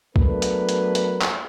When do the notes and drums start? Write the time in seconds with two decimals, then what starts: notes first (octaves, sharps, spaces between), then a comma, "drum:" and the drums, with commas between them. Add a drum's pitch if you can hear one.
0.16 F#3 A3 B3 D4 A#4 B4, drum: kick
0.42 drum: hi-hat
0.69 drum: hi-hat
0.95 drum: hi-hat
1.22 drum: clap